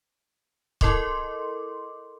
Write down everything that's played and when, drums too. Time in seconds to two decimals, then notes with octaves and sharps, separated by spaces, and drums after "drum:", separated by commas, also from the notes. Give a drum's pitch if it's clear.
0.81 E4 A4 A#4 D#5 C6 D6, drum: kick C#1